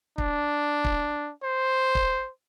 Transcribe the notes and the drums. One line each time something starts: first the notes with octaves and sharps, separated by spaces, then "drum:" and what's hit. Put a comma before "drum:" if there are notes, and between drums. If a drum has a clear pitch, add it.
D4, drum: kick
drum: kick
C5
drum: kick